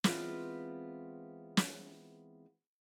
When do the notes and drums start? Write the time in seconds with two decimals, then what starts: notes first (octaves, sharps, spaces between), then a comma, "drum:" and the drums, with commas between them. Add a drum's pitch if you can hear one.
0.04 E3 G#3 B3 C4 F4 B4, drum: snare
1.57 drum: snare